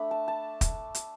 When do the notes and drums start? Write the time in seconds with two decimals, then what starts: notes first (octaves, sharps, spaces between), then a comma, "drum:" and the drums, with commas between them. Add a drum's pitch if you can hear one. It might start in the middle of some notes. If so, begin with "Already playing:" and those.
Already playing: A3 D4 B5
0.11 A5
0.28 A5
0.61 drum: kick, hi-hat
0.95 drum: hi-hat